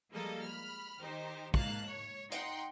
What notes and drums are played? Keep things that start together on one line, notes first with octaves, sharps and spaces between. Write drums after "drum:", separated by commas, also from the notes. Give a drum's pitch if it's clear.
F3 G3 G#3 A#3 A4 D#5
B5 F6
D#3 D#4 G4 C5
G#2 A#3 F5 A5 F#6, drum: kick
C#5
D#4 F#5 G5 C6, drum: hi-hat